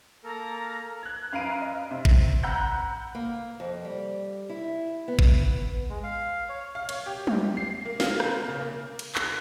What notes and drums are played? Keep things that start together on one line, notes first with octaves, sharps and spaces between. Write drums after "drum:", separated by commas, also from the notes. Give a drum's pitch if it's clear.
A#3 A4 A#4 A#5
F#6 G#6
F#2 F5 A#5 B5 D7 D#7
D#5
C3
drum: kick
F#5 A#5 B5 E6 G6
A#3
F2
G3
E4
B3
drum: kick
G#3
F5
C#5
F5
C#5, drum: cymbal
G4
drum: tom
C7
A#3
F5, drum: snare
drum: rim click
C#3
A#3
drum: cymbal
F#6, drum: clap